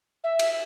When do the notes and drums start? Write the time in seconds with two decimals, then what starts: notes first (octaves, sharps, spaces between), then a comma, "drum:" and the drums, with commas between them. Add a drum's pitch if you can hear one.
0.24 E5
0.39 drum: cymbal